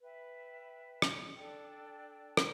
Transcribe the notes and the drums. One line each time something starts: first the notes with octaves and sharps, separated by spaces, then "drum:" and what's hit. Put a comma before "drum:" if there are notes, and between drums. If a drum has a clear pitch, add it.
B4 E5 G5
drum: rim click
D4 A4 D5 G5
drum: rim click